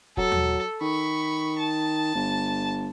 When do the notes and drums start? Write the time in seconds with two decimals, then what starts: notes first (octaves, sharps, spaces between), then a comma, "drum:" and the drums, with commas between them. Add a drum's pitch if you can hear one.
0.17 F#3 A4, drum: kick F1
0.32 drum: tom D#2
0.81 D#3 B5 C#6
1.58 A5
2.15 G1